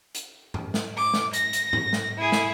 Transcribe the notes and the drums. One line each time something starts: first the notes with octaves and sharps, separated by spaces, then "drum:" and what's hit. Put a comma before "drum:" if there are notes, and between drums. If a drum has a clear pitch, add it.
drum: hi-hat
drum: tom G2
drum: snare
D6
drum: snare
A#6, drum: hi-hat
drum: hi-hat
drum: tom G2
drum: snare
E4 G#4
drum: snare